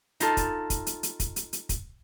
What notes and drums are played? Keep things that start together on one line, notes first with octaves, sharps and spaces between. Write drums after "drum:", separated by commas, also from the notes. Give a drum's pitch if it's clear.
D#4 F4 A4, drum: hi-hat
drum: kick, hi-hat
drum: kick, hi-hat
drum: hi-hat
drum: hi-hat
drum: kick, hi-hat
drum: hi-hat
drum: hi-hat
drum: kick, hi-hat